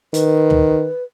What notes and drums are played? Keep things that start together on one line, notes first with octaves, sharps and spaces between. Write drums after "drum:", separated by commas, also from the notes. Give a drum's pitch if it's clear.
D#3 B4, drum: hi-hat
drum: tom